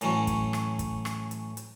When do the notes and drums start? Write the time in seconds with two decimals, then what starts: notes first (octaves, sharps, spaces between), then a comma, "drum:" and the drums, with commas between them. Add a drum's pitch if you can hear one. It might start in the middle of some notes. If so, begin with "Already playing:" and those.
0.01 A2 E3 F#3 C#4, drum: hi-hat
0.27 drum: kick, hi-hat
0.53 drum: rim click
0.79 drum: kick, hi-hat
1.05 drum: rim click
1.31 drum: hi-hat
1.57 drum: hi-hat